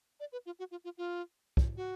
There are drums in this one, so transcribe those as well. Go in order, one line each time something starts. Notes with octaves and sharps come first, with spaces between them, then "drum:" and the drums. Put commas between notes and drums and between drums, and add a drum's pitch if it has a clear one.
D5
B4
F4
F#4
F4
F4
F4
drum: kick
F#4